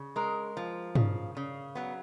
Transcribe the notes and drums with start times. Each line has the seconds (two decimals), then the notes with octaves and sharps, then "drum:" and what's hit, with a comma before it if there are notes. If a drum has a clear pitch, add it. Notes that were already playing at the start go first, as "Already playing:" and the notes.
Already playing: C#3
0.16 G#3 A#4
0.57 F3
0.95 C#3, drum: tom
1.37 C#3
1.75 F#3 B3